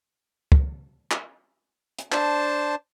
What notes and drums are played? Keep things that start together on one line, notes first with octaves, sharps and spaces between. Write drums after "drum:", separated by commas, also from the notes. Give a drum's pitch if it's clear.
drum: kick
drum: clap
drum: hi-hat
D4 C5 A5, drum: clap